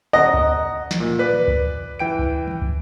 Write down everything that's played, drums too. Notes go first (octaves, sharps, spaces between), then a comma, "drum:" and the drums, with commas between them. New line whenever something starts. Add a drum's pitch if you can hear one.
D#5 F#5 A#5
drum: kick
drum: snare
A#2
B4 D5
drum: tom D#3
drum: kick
E3 G5 D7
drum: kick
drum: tom D#3
drum: kick